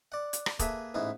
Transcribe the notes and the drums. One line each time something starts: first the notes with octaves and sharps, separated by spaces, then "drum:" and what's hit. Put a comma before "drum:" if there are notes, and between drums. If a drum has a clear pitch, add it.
D5 F#5
drum: hi-hat
drum: rim click
A#3 G#4 A4 B4 E5, drum: kick, hi-hat
A1 G#2 B3 E4